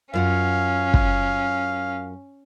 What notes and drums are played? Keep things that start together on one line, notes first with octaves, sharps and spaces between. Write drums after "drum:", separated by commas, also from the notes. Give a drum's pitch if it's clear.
F#2 C#4 F4 F5 F#5
drum: kick